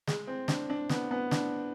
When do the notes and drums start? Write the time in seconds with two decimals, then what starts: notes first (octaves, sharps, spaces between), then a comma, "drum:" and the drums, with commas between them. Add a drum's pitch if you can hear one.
0.07 G#3, drum: snare
0.27 C4
0.48 D4, drum: snare
0.70 D4
0.89 B3, drum: snare
1.11 B3
1.31 D4, drum: snare